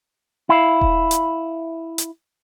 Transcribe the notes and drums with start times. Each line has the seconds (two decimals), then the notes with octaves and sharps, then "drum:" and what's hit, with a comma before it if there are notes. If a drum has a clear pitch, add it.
0.49 E4 F5
0.81 drum: kick D#1
1.11 drum: hi-hat
1.98 drum: hi-hat